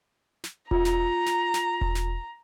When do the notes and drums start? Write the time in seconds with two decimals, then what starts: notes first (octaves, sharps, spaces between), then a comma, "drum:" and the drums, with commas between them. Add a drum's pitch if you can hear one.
0.44 drum: snare
0.71 F4 A#5, drum: kick E1
0.85 drum: snare
1.26 drum: snare
1.54 drum: snare
1.81 drum: kick E1
1.95 drum: snare